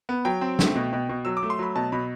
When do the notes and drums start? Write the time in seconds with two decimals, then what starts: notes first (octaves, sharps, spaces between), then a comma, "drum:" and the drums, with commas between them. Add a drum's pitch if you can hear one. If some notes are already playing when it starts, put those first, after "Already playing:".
0.09 B3
0.25 F#3 G5
0.41 C4
0.59 A3, drum: snare
0.76 B2
0.93 B2
1.09 B2
1.25 F#3 E6
1.37 D6
1.43 A3
1.50 C6
1.59 F#3 B5
1.76 B2 A5
1.92 B2 B5